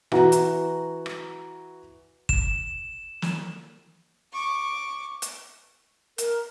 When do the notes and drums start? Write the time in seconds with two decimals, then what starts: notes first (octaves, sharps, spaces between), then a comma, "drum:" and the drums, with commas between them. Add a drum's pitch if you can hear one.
0.12 E3 F#4 A#5, drum: rim click
0.32 drum: hi-hat
1.06 drum: rim click
2.29 E7, drum: kick G1
3.22 drum: snare
4.33 C#6 D6
5.22 drum: hi-hat
6.18 A#4, drum: hi-hat